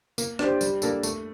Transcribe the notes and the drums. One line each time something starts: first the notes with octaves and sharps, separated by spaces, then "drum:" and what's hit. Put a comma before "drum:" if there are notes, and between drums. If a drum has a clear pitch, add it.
A#3, drum: tambourine
D4 G4 C5, drum: rim click
G3, drum: tambourine
A#3 D4 A4, drum: tambourine
A3, drum: tambourine